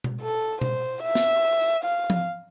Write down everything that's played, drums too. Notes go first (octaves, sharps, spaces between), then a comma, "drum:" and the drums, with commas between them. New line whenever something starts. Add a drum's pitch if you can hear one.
drum: tom B2
A4
C5, drum: tom B2
E5
drum: snare
drum: tambourine
F5
drum: tom F3